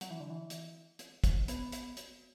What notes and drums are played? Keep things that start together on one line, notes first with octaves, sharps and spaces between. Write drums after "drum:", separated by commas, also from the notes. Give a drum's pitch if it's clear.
F#3, drum: hi-hat
E3
D3
E3
drum: hi-hat
drum: hi-hat
drum: kick, hi-hat
B3, drum: hi-hat
drum: hi-hat
drum: hi-hat